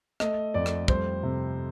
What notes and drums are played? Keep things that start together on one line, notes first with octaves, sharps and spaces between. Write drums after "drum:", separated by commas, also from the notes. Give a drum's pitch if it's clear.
A3 D#5, drum: rim click
F2 D5
drum: rim click
G3 C5, drum: kick
C3